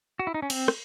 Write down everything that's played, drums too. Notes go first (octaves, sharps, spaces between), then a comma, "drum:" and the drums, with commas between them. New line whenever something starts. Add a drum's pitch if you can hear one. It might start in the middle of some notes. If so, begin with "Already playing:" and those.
F#4
E4
D#4
C#4
C4, drum: cymbal
drum: rim click